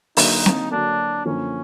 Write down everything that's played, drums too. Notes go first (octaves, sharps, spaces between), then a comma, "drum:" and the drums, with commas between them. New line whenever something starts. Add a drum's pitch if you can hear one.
D3 F#3 A#3 D#4, drum: open hi-hat
drum: snare C4
D3 F#3 A#3 D4
F#2 D3 F3 A#3 C#4